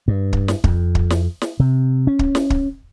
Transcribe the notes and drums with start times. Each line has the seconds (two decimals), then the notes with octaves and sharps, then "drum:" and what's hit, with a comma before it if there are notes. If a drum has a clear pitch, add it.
0.08 G2
0.33 drum: kick
0.48 drum: snare
0.64 F2, drum: kick
0.95 drum: kick
1.10 drum: snare
1.42 drum: snare
1.60 C3
2.07 C#4
2.19 drum: kick
2.35 drum: snare
2.50 drum: kick